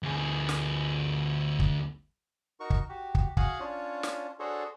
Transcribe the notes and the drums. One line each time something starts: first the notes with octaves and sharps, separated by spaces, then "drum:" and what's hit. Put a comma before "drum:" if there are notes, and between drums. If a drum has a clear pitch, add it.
D2 G#4
drum: snare
drum: kick
D#4 F#4 A#4 C#6
drum: kick
F#4 G4
drum: kick
F#4 G#4 F5 F#5 G#5, drum: kick
C#4 D4 F4 C#5
drum: snare
D4 F#4 G#4 A4 C5 C#5